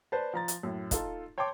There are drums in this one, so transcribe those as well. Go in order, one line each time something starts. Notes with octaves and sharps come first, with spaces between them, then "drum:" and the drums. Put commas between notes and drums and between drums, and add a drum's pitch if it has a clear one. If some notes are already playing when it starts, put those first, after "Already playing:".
B4 C5 D5 A5
F3 A#5 A6
drum: hi-hat
F#2 A2
D#4 F4 A4, drum: kick, hi-hat
C#5 G5 A5 C6 D6